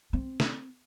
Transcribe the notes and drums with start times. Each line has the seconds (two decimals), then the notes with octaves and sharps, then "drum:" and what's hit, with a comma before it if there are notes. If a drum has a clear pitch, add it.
0.13 C4
0.40 drum: snare